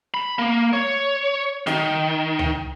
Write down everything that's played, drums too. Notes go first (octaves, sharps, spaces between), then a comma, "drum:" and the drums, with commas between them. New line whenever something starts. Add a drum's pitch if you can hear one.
B5
A#3
C#5
D#3, drum: snare
drum: tom C#2